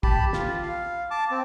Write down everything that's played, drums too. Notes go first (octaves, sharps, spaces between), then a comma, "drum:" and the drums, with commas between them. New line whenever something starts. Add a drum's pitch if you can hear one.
G4 A5 B5, drum: kick
F4, drum: snare
F5
A5 D6
C4